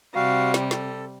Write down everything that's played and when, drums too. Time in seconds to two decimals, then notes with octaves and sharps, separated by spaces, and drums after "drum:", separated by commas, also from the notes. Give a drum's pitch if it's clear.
0.15 C3 G3 F#4 F5
0.54 drum: snare
0.71 A4, drum: snare